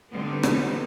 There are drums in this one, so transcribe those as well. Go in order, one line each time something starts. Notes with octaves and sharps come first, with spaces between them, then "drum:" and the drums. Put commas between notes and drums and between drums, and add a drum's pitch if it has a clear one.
D3 G3 B3 C4 D#4
drum: rim click